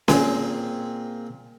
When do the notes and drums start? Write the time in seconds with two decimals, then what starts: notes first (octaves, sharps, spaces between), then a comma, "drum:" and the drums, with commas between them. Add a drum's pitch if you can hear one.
0.08 A#2 C4 G#4, drum: snare C#4